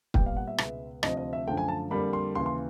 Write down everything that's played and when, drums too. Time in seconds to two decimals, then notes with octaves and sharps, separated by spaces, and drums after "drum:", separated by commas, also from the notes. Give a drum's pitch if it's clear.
0.14 A#2 G3 B3 G5, drum: kick
0.26 F5
0.37 F#5
0.47 E5
0.58 C#2 B2 G#3 B3, drum: rim click
1.03 D2 C3 F3 D#5, drum: rim click
1.17 D#5
1.33 E5
1.47 F#2 D3 F3 A3 G5
1.57 G#5
1.68 A5
1.91 F2 D3 G3 A#3 B5
2.13 C6
2.35 D#2 C#3 E3 C6
2.46 C6